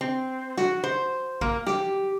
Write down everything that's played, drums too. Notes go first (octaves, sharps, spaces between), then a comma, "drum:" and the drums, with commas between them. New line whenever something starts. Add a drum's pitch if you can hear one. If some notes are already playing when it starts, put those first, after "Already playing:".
C4
F#4, drum: snare
C5
A#3, drum: kick A1
G4, drum: snare